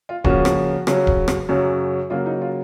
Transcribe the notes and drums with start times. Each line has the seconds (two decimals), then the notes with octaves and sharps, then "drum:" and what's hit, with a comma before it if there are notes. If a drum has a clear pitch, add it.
0.09 F4
0.24 C#3 F3 A#3 C#4 F#4, drum: kick D1
0.45 drum: rim click
0.87 C#3 F#3 C#4, drum: rim click
1.07 drum: kick D1
1.28 drum: rim click
1.49 F#2 C#3 F#3 C#4
2.10 C#3 F#3 A#3 F4
2.26 D#4
2.41 F4